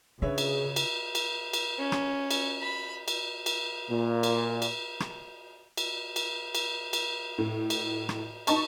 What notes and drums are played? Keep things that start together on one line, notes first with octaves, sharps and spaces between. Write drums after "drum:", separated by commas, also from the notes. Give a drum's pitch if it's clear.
C#3 D4 G#4 B4 C#5 E5
drum: cymbal
drum: cymbal
drum: cymbal
drum: cymbal
C#4
drum: rim click
drum: cymbal
B5
drum: cymbal
drum: cymbal
A#2
drum: cymbal
drum: cymbal
drum: rim click
drum: cymbal
drum: cymbal
drum: cymbal
drum: cymbal
A2
drum: cymbal
drum: rim click
D#4 D#5 A5 C#6, drum: cymbal